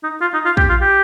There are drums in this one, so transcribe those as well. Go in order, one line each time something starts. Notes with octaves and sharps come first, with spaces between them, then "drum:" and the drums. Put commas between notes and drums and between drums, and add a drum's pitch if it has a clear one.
D#4
F4
D#4
F4
G4, drum: kick
F4
G4